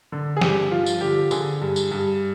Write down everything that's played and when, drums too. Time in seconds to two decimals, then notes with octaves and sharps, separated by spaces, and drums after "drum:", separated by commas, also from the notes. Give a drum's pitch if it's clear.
0.12 D3
0.37 G#4
0.41 G2 G4, drum: snare
0.71 F3 F4
0.86 drum: tambourine
1.01 D3 G4
1.31 D3 G#4, drum: tambourine
1.61 G2
1.76 drum: tambourine
1.91 G2